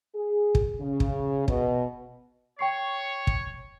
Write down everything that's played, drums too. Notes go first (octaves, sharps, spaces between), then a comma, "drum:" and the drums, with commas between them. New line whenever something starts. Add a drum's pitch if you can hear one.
G#4
drum: kick
C#3
drum: kick
B2, drum: kick
C#5 G5 C#6 C7
drum: kick